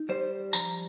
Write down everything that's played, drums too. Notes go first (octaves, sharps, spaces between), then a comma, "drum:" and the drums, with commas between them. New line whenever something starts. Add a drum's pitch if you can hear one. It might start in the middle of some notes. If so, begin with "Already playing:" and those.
Already playing: D#4
G3 C5
F3 A#5, drum: tambourine